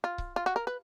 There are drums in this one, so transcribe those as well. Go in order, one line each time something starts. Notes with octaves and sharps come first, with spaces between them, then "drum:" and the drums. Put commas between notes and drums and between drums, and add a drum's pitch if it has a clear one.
F4
drum: kick C#1
F4
F#4
A#4
B4